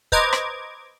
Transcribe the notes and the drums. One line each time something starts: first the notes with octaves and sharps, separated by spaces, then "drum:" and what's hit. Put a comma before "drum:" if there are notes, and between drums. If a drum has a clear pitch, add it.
B4 C5 D#5 A#5 D6 G#6, drum: kick
drum: rim click